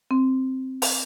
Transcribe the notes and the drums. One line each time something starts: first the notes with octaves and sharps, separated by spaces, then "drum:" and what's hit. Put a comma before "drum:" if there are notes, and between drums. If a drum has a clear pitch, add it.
C4
drum: open hi-hat